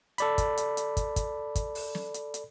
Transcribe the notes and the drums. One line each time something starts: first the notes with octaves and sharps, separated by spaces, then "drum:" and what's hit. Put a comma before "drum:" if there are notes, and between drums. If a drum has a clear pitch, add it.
A4 D5 B5, drum: hi-hat
drum: kick, hi-hat
drum: hi-hat
drum: hi-hat
drum: kick, hi-hat
drum: kick, hi-hat
drum: kick, hi-hat
drum: open hi-hat
drum: snare
drum: hi-hat
drum: hi-hat